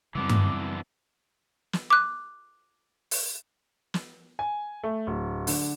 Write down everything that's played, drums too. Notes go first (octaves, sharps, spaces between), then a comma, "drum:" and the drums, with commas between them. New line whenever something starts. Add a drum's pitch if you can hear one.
F#2 C#3 E3 G3 B3 C4 D4 D6
drum: tom G2
drum: snare
D6 F#6
drum: open hi-hat
drum: snare
G#5
A3
D1
D3, drum: open hi-hat